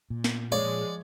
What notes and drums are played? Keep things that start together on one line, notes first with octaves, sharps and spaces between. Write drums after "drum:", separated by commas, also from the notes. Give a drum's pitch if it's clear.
A#2
drum: snare
F3 G#3 C#5 D5